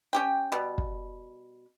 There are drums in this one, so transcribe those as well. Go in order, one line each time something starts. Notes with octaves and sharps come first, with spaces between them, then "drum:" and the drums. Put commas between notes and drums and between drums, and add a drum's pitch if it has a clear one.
C#4 G4 G5
B2 G3
drum: kick